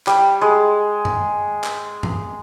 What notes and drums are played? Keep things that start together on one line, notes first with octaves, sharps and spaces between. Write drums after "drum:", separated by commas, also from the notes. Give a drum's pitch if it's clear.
G3, drum: clap
G#3
drum: tom G2
drum: clap
drum: tom G2